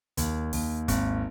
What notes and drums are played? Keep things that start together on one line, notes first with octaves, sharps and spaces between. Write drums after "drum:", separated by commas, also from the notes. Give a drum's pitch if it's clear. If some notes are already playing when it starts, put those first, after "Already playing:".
D#2, drum: hi-hat
D#2, drum: open hi-hat
G#1, drum: kick, hi-hat